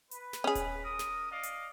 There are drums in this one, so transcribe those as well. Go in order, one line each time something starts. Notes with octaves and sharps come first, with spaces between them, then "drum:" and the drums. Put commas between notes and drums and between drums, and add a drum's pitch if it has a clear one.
B4, drum: hi-hat
drum: snare
C#4 G#4
drum: kick D#1, hi-hat
A#4 D#6
drum: snare
D5 D#5 F5
drum: hi-hat